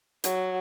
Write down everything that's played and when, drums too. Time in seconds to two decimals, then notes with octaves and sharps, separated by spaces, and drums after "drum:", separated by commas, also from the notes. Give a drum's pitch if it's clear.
0.24 F#3, drum: hi-hat